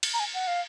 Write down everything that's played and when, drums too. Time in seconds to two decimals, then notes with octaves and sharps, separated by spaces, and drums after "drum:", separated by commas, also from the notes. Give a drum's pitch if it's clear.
0.03 drum: cymbal
0.14 A#5
0.20 G#5
0.34 F#5
0.47 F5